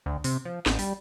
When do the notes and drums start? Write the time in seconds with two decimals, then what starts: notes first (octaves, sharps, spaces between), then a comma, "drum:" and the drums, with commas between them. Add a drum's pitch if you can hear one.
0.06 D2
0.24 C3, drum: open hi-hat
0.45 F3
0.66 A1, drum: snare
0.79 G3, drum: open hi-hat